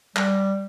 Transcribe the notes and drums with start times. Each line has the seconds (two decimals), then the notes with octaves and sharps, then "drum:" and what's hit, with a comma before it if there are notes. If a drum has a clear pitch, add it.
0.16 G3, drum: clap